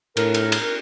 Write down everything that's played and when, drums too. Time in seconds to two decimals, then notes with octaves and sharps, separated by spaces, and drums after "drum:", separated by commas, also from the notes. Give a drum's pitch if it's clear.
0.17 A2 A#4, drum: cymbal
0.34 drum: cymbal
0.52 drum: cymbal